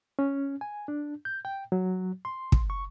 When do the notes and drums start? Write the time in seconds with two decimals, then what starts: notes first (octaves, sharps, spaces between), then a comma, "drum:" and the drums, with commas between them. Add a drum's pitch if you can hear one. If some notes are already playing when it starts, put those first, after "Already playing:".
0.19 C#4
0.61 G#5
0.88 D4
1.25 G6
1.45 G5
1.72 F#3
2.25 C6
2.52 drum: kick
2.70 C#6